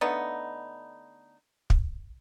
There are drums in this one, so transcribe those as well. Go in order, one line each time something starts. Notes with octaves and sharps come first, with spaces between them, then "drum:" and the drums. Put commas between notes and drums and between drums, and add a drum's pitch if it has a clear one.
D3 A3 B3 D#4
drum: kick